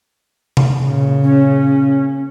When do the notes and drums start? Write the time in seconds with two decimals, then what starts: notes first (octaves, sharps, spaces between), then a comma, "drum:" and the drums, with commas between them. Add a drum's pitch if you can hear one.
0.57 drum: tom C3
0.81 A#2 C#3
1.24 C#4